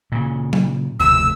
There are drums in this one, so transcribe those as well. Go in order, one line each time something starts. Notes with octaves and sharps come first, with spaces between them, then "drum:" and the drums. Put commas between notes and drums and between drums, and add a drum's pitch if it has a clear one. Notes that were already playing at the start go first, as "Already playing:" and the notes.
A#2 C#3
drum: tom F#3
F1 D2 B2 E6